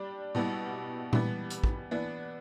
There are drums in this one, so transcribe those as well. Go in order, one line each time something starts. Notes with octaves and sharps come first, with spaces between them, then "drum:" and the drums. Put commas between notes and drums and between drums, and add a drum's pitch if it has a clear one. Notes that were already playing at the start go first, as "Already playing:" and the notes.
Already playing: G3 D4
B2 G3 B3 E4
E3 G3 B3, drum: tom A#2
drum: hi-hat
drum: kick
E3 B3 D4